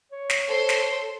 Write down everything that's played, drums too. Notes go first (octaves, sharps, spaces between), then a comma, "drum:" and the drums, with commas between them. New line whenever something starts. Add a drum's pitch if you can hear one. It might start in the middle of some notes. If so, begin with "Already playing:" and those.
C#5
drum: snare
A4 C5 C6
drum: snare